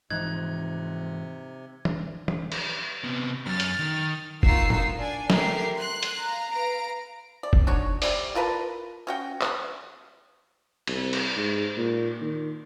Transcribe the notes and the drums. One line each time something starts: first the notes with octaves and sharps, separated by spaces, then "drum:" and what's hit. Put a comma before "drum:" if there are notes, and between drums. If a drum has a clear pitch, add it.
G#2 C3 E3 F3 D#4 F#6 G#6
drum: tom
drum: tom
drum: cymbal
C3 B3
F#2 F6 A6
drum: hi-hat
D#3
A#3 D#4 F4 F#4 E6 C7, drum: kick
drum: tom A2
D4 D5 G#5
A3 G4 A#4 C7, drum: snare
C6 F#6
drum: hi-hat
F5 A#5
B4 F5 A#5 D7
D5
drum: kick
D4 D#4 F#4 C#5
C3 G3 D5, drum: open hi-hat
F4 A#4 B4 A5
C#4 F#4 G5
B4, drum: clap
C2, drum: cymbal
drum: cymbal
G#2
A#2
D#3